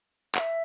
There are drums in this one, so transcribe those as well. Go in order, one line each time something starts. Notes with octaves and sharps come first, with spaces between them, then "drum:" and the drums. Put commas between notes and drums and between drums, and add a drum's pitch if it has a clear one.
F#5, drum: clap
E5